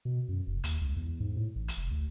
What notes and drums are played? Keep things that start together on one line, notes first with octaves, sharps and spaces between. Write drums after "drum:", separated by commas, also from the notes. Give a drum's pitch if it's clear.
B2
F#2
F1
D#2, drum: hi-hat
C#2
E2
G#2
A2
A1
drum: hi-hat
F1
D2